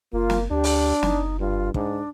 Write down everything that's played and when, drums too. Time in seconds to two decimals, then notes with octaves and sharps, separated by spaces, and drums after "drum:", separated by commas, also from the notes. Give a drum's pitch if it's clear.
0.13 F#1 A#3 F4
0.30 drum: snare
0.51 D2 D4 G4
0.64 drum: open hi-hat
1.03 F#1 D#4, drum: snare
1.40 G2 F4
1.74 G#2 D4, drum: kick